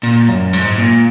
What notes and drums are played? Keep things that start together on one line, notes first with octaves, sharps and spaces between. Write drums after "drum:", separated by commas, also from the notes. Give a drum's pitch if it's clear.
A#2, drum: tambourine
F#2
G#2, drum: tambourine
A#2